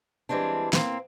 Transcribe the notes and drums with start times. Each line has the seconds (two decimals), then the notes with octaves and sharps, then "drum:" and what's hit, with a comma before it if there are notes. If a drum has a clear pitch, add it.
0.29 E3 G3 G#3 C4 D4
0.73 A#3 C4, drum: snare